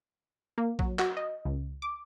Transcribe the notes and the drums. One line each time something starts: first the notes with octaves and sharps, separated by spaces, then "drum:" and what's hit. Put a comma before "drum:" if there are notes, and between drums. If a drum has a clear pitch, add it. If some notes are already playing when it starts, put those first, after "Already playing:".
A#3
F#3, drum: kick A#1
F#4, drum: clap
D#5
C#2
D6